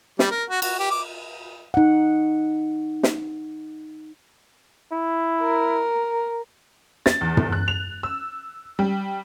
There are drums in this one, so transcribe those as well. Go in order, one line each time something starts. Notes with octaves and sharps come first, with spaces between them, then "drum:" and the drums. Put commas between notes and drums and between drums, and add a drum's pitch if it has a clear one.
G3, drum: snare
A#4
F#4
F#4, drum: cymbal
G4
D6
D#4 F#5
drum: snare
E4
A#4
A6, drum: snare
E2
drum: tom
F#6
F7
E6
G3